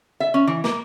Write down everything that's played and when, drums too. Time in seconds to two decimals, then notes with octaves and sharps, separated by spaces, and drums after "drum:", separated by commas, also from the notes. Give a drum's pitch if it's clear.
0.20 E5
0.34 C#4
0.47 E3
0.64 A#3, drum: snare